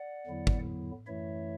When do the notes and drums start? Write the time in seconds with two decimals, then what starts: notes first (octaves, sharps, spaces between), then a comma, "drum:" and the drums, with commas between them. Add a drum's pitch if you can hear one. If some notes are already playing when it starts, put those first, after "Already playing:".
Already playing: D5 F#5
0.27 E2 D3 F#3 B3 E4
0.47 drum: kick
1.07 F#2 E3 A3 E4 C#5 E5